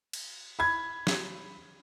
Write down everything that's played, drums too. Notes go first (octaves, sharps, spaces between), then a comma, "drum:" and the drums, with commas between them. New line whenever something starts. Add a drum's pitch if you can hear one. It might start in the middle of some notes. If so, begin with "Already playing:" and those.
drum: cymbal
B5 G#6
drum: snare